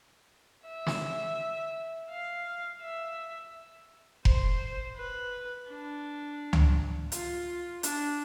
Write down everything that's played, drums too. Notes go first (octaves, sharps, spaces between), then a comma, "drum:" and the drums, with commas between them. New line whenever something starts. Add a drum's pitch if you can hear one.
E5
drum: snare
F5
E5
C5, drum: kick F1
B4
D4
drum: tom C#2
F4, drum: hi-hat
D4, drum: hi-hat